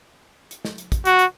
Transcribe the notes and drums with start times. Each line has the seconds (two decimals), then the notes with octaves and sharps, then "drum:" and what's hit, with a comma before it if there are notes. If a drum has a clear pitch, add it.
0.51 drum: hi-hat
0.65 drum: snare
0.78 drum: hi-hat
0.92 drum: kick, hi-hat
1.05 F#4, drum: hi-hat
1.19 drum: hi-hat